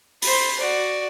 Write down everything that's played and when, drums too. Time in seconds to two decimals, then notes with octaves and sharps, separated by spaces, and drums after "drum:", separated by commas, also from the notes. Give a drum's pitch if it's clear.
0.22 C5 B5, drum: open hi-hat
0.59 F#4 D5